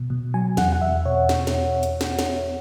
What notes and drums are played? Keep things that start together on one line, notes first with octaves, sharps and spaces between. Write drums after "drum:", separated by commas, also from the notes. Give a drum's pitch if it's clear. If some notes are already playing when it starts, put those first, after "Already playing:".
Already playing: B2
B2
F#3 G#5
E2 F#5, drum: snare
F#5
E2 E5
B2 C#5
drum: snare
drum: snare
drum: hi-hat
drum: snare
drum: snare